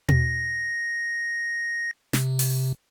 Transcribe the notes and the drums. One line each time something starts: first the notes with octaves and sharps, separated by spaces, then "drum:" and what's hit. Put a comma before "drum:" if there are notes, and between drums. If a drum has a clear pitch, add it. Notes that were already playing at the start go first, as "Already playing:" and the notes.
A#6, drum: tom
C3, drum: snare
drum: open hi-hat